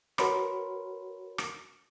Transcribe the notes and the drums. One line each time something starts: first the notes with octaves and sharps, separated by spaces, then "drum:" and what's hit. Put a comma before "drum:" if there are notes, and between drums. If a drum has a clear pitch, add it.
F#4 A#4 B4 C#5 B5 C6, drum: rim click
drum: rim click